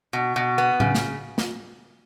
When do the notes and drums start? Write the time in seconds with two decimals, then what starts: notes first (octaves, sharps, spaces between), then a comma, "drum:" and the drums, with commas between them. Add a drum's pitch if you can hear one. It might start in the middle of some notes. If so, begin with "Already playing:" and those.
0.13 B2
0.36 B2
0.58 B3
0.80 C#3, drum: tom A2
0.95 drum: snare
1.38 drum: snare